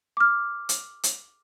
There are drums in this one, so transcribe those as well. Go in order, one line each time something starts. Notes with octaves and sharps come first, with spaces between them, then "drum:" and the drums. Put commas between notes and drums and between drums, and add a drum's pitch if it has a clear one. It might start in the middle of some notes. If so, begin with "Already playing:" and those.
D6 F6
drum: hi-hat
drum: hi-hat